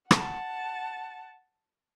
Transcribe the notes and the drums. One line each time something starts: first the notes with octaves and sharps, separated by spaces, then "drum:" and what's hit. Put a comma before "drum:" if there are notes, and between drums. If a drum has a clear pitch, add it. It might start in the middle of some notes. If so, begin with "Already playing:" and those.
F#5 A5, drum: rim click